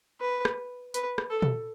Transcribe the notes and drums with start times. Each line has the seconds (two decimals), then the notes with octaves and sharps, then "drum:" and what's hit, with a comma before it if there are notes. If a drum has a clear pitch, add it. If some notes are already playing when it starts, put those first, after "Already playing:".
0.20 B4
0.45 drum: rim click
0.94 B4, drum: hi-hat
1.18 drum: rim click
1.30 A4
1.42 drum: tom